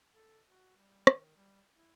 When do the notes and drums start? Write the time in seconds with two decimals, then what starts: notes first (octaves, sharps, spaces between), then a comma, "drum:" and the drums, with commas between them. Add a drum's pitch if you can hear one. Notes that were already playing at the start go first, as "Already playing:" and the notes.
0.15 A4
0.50 F#4
0.77 G3
1.07 D#3, drum: rim click
1.36 G3
1.76 E4